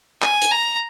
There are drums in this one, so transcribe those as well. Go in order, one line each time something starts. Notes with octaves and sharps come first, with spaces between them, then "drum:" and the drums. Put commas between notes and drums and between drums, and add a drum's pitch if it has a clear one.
G#5, drum: clap
drum: hi-hat
A#5